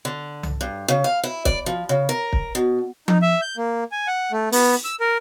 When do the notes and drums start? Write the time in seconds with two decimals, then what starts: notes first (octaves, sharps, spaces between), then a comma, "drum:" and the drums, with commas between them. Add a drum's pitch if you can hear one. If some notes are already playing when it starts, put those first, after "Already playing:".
0.05 D3
0.43 drum: tom C2
0.61 G2
0.88 C#3
1.04 F5
1.23 E4
1.45 D5, drum: kick
1.66 F3
1.89 C#3
2.09 A#4
2.33 drum: kick
2.55 B2
3.08 D#4, drum: tom F3
3.22 E5
3.42 G6
3.57 A#3
3.92 G#5
4.07 F#5
4.32 A3
4.52 B3, drum: open hi-hat
4.84 E6
5.00 A#4